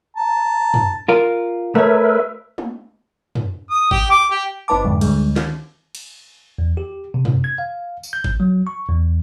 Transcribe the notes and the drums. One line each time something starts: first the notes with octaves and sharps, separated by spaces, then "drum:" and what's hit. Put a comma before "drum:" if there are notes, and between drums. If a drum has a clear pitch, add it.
A5 A#5
drum: tom
F4 A#4
A3 A#4 B4 C#5 E5
drum: tom
drum: tom
D#6
G4, drum: kick
D6
G4
G1 C4 D#4 B4 A5 D6
F2 G#2 D3
D2 D3 G3 G#3, drum: cymbal
D#3, drum: snare
drum: cymbal
E2
G4
C3
drum: tom
G#6
F5
drum: tambourine
G6
drum: kick
F#3
C#6
E2